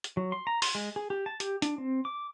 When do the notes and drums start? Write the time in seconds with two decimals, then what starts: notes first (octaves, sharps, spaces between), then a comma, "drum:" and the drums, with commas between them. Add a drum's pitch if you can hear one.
0.04 drum: hi-hat
0.17 F#3
0.32 C6
0.47 A#5
0.62 C6, drum: open hi-hat
0.75 G#3
0.96 G#4
1.10 G4
1.26 A5
1.40 G4, drum: hi-hat
1.62 D4, drum: hi-hat
1.78 C4
2.05 D6